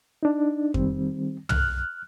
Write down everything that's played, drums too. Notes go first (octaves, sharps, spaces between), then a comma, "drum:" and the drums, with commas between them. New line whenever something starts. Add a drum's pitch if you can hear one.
D4 D#4
D#3 G3 C4, drum: kick F2
F6 F#6, drum: tom